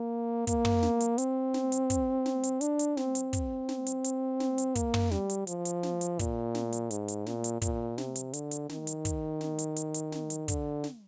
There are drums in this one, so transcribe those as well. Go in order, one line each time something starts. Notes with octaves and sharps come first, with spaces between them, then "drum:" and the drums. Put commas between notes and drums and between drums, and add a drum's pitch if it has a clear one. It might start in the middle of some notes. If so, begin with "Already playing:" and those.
Already playing: A#3
A#3, drum: kick, hi-hat
drum: tom
drum: snare
drum: hi-hat
C4, drum: hi-hat
drum: snare
drum: hi-hat
drum: kick, hi-hat
drum: snare
drum: hi-hat
D4, drum: hi-hat
drum: hi-hat
C4, drum: snare
drum: hi-hat
drum: kick, hi-hat
drum: snare
drum: hi-hat
drum: hi-hat
drum: snare
drum: hi-hat
A#3, drum: kick, hi-hat
drum: tom
G3, drum: snare
drum: hi-hat
F3, drum: hi-hat
drum: hi-hat
drum: snare
drum: hi-hat
A#2, drum: kick, hi-hat
drum: snare
drum: hi-hat
G#2, drum: hi-hat
drum: hi-hat
A#2, drum: snare
drum: hi-hat
A#2, drum: kick, hi-hat
C3, drum: snare
drum: hi-hat
D3, drum: hi-hat
drum: hi-hat
D#3, drum: snare
drum: hi-hat
drum: kick, hi-hat
drum: snare
drum: hi-hat
drum: hi-hat
drum: hi-hat
drum: snare
drum: hi-hat
D3, drum: kick, hi-hat
drum: snare